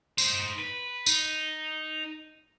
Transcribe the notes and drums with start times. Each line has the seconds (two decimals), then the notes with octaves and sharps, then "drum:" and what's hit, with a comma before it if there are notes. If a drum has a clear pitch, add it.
0.18 D#4 C5, drum: tambourine
0.59 B4
1.06 D#4, drum: tambourine